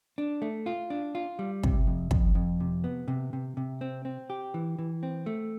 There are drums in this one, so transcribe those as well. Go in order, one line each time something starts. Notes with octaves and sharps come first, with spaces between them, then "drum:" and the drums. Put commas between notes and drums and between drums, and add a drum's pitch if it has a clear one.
D4
A3
F4
D4
F4
G3
C3, drum: kick
F2
F2, drum: kick
F2
C3
B3
C3
C3
C3
C4
C4
G4
E3
E3
C4
A3